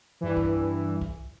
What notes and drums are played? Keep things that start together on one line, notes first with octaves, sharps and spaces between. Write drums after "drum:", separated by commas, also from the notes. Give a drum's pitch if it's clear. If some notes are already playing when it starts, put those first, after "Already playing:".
G2 E3
drum: kick A#1
drum: kick A#1